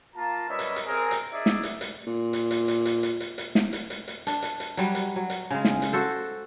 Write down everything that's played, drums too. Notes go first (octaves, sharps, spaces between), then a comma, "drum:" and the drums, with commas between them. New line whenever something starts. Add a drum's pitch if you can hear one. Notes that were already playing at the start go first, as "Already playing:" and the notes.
A#3 F4 A5 A#5
G3 C#4 A#4 B4 D#5 E5
drum: hi-hat
drum: hi-hat
C4 G#4 A#4
drum: hi-hat
D#4 G#4 D5 E5
drum: snare
drum: hi-hat
drum: hi-hat
A#2
drum: hi-hat
drum: hi-hat
drum: hi-hat
drum: hi-hat
drum: hi-hat
drum: hi-hat
drum: hi-hat
drum: snare
drum: hi-hat
drum: hi-hat
drum: hi-hat
D4, drum: hi-hat
drum: hi-hat
drum: hi-hat
F#3 G3 B4, drum: hi-hat
drum: hi-hat
F#3
drum: hi-hat
C#3 G#3
drum: snare
drum: hi-hat
F#4 A4 C5